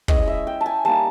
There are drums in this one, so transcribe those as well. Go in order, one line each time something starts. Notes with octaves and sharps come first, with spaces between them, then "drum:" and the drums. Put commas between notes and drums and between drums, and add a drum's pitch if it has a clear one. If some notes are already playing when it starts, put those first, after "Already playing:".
G#3 C#4 E4 D#5, drum: kick
E5
G5
A5
G#5
G3 A#3 D#4 A5